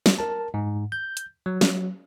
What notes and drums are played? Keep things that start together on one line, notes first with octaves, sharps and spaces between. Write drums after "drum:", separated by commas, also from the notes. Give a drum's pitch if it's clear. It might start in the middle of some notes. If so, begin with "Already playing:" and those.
drum: snare
A#4 A5
G#2
G6
drum: hi-hat
F#3
drum: snare